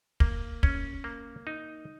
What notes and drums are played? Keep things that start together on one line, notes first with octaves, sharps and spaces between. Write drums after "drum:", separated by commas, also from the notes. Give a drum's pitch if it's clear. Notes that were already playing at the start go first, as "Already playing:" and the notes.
A#3, drum: kick
C#4, drum: kick
A#3
D#4